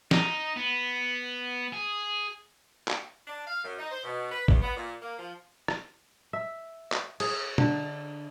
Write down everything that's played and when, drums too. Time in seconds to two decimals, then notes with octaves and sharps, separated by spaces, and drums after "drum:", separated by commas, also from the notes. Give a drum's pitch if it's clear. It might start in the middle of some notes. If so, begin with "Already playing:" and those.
0.11 D#4, drum: snare
0.57 B3
1.73 G#4
2.88 drum: clap
3.28 D4
3.46 F5
3.64 F#2
3.79 D#4
3.91 C5
4.03 B2
4.32 B4
4.48 E2, drum: kick A1
4.62 B3
4.77 A#2
5.02 A#3
5.19 F3
5.68 drum: rim click
6.33 E5
6.92 drum: clap
7.20 G#4, drum: cymbal
7.58 D3, drum: tom